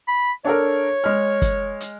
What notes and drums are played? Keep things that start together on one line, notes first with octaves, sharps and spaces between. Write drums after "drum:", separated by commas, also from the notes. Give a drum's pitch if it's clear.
B5
D4 A4 A#4 C#5
G#3 F6
drum: kick, hi-hat
drum: hi-hat